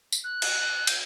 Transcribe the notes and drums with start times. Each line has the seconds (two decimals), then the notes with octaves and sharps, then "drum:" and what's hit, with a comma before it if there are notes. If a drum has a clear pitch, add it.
0.12 drum: tambourine
0.24 F#6
0.42 drum: cymbal
0.87 G6, drum: cymbal